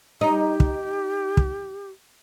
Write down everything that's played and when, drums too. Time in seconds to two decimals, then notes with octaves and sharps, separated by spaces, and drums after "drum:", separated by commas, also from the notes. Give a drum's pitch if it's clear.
0.21 D#4 G4
0.60 drum: kick
1.37 drum: kick